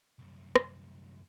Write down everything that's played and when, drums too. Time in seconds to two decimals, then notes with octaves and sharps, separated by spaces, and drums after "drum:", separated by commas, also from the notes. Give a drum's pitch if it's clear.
0.19 C2 F#2
0.56 drum: rim click